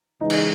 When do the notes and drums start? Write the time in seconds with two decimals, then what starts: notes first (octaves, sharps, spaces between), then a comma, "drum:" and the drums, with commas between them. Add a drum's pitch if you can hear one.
0.20 C#3 E3 G#3 D#4
0.30 drum: cymbal